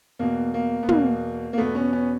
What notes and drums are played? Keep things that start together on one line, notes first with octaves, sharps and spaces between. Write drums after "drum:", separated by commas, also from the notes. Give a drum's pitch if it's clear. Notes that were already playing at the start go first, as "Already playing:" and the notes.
E2 B2 A#3
A#3
B3
E2 B2 A#3, drum: tom
A#3
E2 B2 A3 B3
B3 C#4
B3 C#4